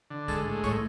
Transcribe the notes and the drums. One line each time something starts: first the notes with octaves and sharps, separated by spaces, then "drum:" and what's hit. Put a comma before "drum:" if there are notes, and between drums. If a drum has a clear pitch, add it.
D3
G#3 A4, drum: kick, tambourine
A2
A2 C#5, drum: kick, tambourine